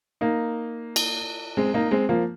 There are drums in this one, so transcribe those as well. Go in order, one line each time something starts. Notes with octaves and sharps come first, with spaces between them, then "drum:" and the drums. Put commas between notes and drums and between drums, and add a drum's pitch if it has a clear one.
A#3 D#4
drum: cymbal
G#3 C4
A#3 D#4
G#3 C4
F3 A#3